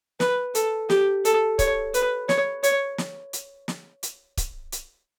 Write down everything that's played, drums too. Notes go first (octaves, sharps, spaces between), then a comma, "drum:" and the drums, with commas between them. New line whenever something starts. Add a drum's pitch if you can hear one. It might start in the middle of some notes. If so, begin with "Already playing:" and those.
B4, drum: snare
A4, drum: hi-hat
G4, drum: snare
A4, drum: hi-hat
C#5, drum: kick C#1, hi-hat
B4, drum: hi-hat
C#5, drum: snare
C#5, drum: hi-hat
drum: snare
drum: hi-hat
drum: snare
drum: hi-hat
drum: kick C#1, hi-hat
drum: hi-hat